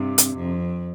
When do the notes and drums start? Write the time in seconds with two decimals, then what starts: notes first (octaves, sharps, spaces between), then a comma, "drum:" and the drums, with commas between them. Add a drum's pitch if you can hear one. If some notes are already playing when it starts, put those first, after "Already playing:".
Already playing: G2 C3
0.18 drum: hi-hat
0.36 F2